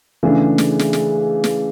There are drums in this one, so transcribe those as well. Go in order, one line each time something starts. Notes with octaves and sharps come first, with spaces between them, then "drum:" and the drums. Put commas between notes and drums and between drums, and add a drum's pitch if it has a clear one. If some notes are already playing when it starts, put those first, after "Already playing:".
C#3 E3 A3 D4
drum: snare
drum: snare
drum: snare
drum: snare